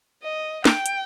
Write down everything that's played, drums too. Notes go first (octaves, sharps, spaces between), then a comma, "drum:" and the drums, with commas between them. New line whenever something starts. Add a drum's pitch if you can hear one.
D#5
G5, drum: snare
drum: hi-hat